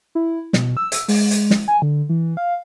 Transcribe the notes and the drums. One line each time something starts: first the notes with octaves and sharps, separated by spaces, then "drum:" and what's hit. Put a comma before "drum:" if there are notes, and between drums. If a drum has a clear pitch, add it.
E4
B2, drum: snare
E6
drum: hi-hat
G#3, drum: open hi-hat
drum: hi-hat
drum: snare
G#5
D3
E3
F5